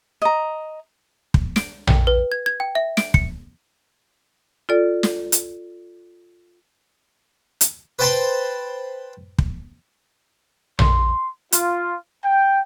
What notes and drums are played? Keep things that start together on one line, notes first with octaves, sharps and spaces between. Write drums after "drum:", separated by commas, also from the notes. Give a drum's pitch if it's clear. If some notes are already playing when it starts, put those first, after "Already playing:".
D#5 A#5
drum: kick
D7, drum: snare
G5, drum: tom A#1
B4
G#6
G#6
G5
E5
D7, drum: snare
C#7, drum: kick
F4 A4 D5
drum: snare
drum: hi-hat
drum: hi-hat
B4 C5 G5 A5 B5 C6
drum: kick
C6, drum: tom A#1
F4, drum: hi-hat
G5